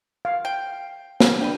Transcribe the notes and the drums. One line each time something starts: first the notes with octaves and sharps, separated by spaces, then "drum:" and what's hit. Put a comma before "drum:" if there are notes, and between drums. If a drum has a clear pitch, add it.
F5
G5
drum: snare
D4 B4 G5